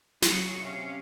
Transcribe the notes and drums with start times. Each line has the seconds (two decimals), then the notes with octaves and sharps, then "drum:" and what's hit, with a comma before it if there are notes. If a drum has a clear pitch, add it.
0.22 C#3 F#3 F4 F#4 G#4, drum: snare
0.58 C3 C#4 F5